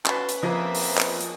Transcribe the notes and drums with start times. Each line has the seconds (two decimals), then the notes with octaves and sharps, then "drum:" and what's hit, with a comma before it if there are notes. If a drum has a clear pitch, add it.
0.06 C#4 F#4 B4 A5 C6, drum: clap
0.29 drum: hi-hat
0.43 F3 A#3 C4 G#4 B4 D#5 E5
0.75 drum: open hi-hat
0.98 drum: clap
1.21 drum: hi-hat